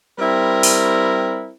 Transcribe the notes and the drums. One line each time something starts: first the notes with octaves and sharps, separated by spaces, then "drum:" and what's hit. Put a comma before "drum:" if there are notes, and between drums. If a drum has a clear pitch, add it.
G3 C4 E4 A#4
drum: open hi-hat